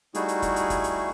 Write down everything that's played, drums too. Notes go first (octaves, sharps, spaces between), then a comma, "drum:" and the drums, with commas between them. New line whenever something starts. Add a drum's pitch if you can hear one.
G3 A3 D#4 E4 F#4 G#4, drum: hi-hat
drum: hi-hat
drum: kick, hi-hat
drum: hi-hat
drum: kick, hi-hat
drum: hi-hat